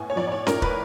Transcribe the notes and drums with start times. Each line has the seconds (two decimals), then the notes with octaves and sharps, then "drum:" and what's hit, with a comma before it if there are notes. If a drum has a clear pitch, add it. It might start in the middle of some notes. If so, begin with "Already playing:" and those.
Already playing: A2 B3 G#5
0.10 C#5
0.16 F3 D5
0.27 D5
0.32 C#5
0.47 A2 A#4, drum: snare C#4
0.62 B4, drum: kick